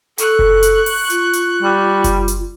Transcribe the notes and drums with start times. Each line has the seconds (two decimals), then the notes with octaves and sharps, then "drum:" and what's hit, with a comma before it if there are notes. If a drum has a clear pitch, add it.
0.18 A4 C#6 F#6, drum: hi-hat
0.39 drum: kick F#1
0.63 drum: hi-hat
0.86 drum: open hi-hat
1.10 F4, drum: hi-hat
1.33 drum: hi-hat
1.63 G3
2.04 drum: kick F#1, hi-hat
2.28 drum: hi-hat